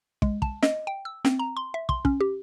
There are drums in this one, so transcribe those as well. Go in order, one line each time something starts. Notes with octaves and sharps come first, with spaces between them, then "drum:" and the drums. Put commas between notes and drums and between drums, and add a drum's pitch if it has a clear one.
G#3, drum: kick
A5, drum: kick
D#5, drum: snare
G5
E6
C4, drum: snare
A#5
C6
E5
C6, drum: kick
C#4, drum: kick
G4